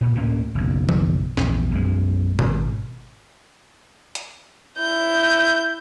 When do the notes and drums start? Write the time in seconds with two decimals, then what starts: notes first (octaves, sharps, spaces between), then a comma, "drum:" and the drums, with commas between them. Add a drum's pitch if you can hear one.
0.01 A#2
0.15 D2 A2 A#3 C#4
0.55 F#1 B1
0.89 drum: tom D#3
1.37 A#1 E2 E3, drum: snare
1.72 B1 F#2 G#3
2.39 G#1, drum: tom B2
4.15 drum: hi-hat
4.78 E4 G6